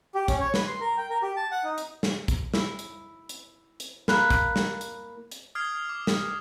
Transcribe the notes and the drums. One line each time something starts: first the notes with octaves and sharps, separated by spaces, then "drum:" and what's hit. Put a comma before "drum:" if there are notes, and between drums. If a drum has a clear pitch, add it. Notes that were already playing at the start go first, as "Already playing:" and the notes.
G4
C#4, drum: kick, hi-hat
C#5
B4, drum: snare
C6
A#4
G5
A#4
G4
A5
F#5
D#4
drum: hi-hat
drum: snare
drum: kick, hi-hat
E4, drum: snare
drum: hi-hat
drum: hi-hat
drum: hi-hat
A#3 B5 F#6, drum: snare
drum: kick, hi-hat
drum: snare
drum: hi-hat
drum: hi-hat
D#6 F6 G#6 C7
D6
drum: snare